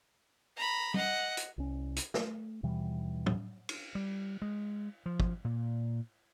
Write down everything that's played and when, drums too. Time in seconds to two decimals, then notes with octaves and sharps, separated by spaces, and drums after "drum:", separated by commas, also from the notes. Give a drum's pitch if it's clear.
0.56 A#5 B5
0.94 D#5 F#5, drum: tom
1.37 drum: hi-hat
1.58 C2 C#4
1.96 drum: hi-hat
2.14 A3, drum: snare
2.63 D#2 B2 E3 G3
3.26 drum: tom
3.69 drum: cymbal
3.95 G3
4.42 G#3
5.06 F3
5.20 drum: kick
5.45 A#2